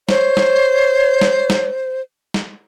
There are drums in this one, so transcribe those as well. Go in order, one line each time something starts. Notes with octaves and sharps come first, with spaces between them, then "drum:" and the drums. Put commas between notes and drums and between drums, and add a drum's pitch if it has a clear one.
C5 C#5, drum: snare
drum: snare
drum: snare
drum: snare
drum: snare